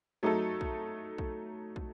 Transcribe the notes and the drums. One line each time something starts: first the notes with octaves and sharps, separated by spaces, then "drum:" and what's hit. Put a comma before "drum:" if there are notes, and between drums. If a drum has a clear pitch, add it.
F#3 A3 D#4 A4
drum: kick
drum: kick
drum: kick